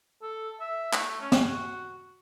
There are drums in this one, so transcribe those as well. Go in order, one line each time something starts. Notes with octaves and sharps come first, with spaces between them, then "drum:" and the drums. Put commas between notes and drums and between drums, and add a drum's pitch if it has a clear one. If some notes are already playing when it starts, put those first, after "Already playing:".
A4
E5
A3, drum: clap
C#4
drum: snare
F#4